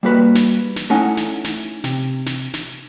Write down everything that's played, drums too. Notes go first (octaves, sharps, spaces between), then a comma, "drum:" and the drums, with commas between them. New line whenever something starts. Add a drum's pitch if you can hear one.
G3 A#3 F#4 B4
drum: snare
drum: hi-hat
drum: hi-hat
drum: snare
A3 C#4 D#4 E4 F#5 G#5, drum: hi-hat
drum: snare
drum: hi-hat
drum: snare
drum: hi-hat
C3, drum: snare
drum: hi-hat
drum: hi-hat
drum: snare
drum: hi-hat
drum: snare
drum: hi-hat